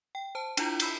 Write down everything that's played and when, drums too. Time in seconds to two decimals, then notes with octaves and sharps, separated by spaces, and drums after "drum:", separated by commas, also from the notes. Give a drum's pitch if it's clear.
0.15 G5
0.35 C5 A5
0.57 D4 E4 F4 A#5 G6, drum: cymbal
0.80 B5 E6 G6 B6, drum: cymbal